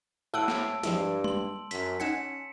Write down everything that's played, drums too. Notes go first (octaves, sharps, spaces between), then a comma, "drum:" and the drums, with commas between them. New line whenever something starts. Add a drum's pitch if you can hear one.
A2 E4 F#5 A5 E6 D7
drum: snare
G2 F3 G#3 E4, drum: hi-hat
C6 F#7, drum: tom G3
F#2 B6, drum: hi-hat
C#4 D#4 F#5 G#5 C#7 E7